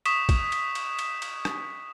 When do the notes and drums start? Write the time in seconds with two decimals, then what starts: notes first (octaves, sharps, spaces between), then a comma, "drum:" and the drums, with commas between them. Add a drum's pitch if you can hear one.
0.06 C#6 D#6 B6 E7, drum: cymbal
0.29 drum: kick, cymbal
0.52 drum: cymbal
0.75 drum: cymbal
0.99 drum: cymbal
1.22 drum: cymbal
1.45 drum: rim click